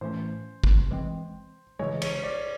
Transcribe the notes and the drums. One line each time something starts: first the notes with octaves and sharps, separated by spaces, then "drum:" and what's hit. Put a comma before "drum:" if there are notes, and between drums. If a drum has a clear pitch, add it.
A2 E3 A3 C#4 C5
drum: kick G1
E3 G#3 C4
C#3 E3 G#3 C#5
C#5, drum: cymbal
D5